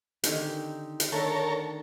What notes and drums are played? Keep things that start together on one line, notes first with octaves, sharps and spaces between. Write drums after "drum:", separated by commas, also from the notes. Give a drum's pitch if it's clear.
D3 D#3 C4 D#4 G4 G#5, drum: hi-hat
drum: hi-hat
D#3 A3 D4 F#4 A4 A#4 C#5 E5